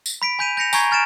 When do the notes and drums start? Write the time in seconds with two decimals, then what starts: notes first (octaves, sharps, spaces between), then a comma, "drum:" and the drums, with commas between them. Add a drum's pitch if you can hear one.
0.06 drum: tambourine
0.22 B5 B6 D7
0.39 G#5 B5 G6 B6 D#7 F7
0.57 G6 A#6 C#7 F7
0.73 G#5 A#5 C#6 G#6 C7, drum: tambourine
0.91 G#5 F6 A6 D7 E7